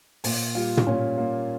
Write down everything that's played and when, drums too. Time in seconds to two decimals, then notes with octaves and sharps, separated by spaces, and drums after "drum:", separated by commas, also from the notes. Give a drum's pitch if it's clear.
0.24 A#2, drum: open hi-hat
0.55 G3 F4
0.77 drum: tom
0.86 A#2 C#4
1.18 A#3